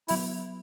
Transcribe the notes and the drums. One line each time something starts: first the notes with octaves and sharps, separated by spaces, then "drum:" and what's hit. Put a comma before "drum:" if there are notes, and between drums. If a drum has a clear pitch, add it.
F#3 B3 E4, drum: open hi-hat